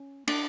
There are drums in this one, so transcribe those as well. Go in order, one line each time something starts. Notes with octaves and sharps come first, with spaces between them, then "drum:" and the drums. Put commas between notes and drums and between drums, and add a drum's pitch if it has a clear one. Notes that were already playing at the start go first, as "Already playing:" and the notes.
Already playing: C#4
D4, drum: cymbal